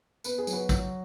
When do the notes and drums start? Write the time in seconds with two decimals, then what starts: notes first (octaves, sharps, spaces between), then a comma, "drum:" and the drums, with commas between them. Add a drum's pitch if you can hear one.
0.24 B3 B4, drum: tambourine
0.38 G#4
0.47 F#3, drum: tambourine
0.53 F#4 B4
0.69 F#3 F#4, drum: kick, tambourine